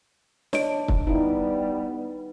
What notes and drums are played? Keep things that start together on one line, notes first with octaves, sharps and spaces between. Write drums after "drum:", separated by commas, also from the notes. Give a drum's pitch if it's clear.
D4 C#5 D#5 D7, drum: snare
drum: kick
G3 B3 D#4 E4